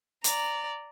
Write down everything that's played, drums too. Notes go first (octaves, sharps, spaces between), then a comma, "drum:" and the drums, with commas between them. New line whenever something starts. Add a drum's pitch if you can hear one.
D5 A#5, drum: hi-hat